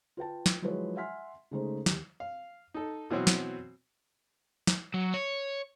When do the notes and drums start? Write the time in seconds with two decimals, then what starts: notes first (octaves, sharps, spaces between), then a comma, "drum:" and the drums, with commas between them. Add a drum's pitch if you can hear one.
0.17 F4 B4 G5 A5
0.46 drum: snare
0.62 F3 F#3 G#3 E4 B4 C#5
0.97 E5 F#5 G#5 C6 F6 B6
1.51 C#3 G#3 A3 D#4 C5
1.86 D#2 G4 E7, drum: snare
2.20 F5
2.74 D#4 A4
3.10 B2 E3 F#3 C4 F#4
3.27 drum: snare
4.67 drum: snare
4.94 F#3
5.14 C#5